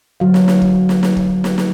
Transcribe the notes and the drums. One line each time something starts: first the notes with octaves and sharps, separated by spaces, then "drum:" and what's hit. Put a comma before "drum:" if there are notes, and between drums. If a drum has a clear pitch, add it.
D3 F#3 F5
drum: snare
drum: snare
drum: kick
drum: snare
drum: snare
drum: kick
drum: snare
drum: snare